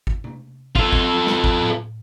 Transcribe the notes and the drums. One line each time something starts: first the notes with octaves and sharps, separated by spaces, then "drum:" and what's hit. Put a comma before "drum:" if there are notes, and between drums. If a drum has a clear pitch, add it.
drum: kick
drum: tom C3
F4 A4, drum: kick
drum: kick
drum: snare
drum: kick
drum: tom A2